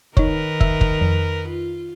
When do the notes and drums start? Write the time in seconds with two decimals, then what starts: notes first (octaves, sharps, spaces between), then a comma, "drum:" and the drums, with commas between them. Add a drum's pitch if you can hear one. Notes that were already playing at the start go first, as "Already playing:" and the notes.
0.17 D#3 D#4 A#4 B4 C#5, drum: kick
0.60 E5, drum: kick
0.81 drum: kick
1.01 F2
1.48 F4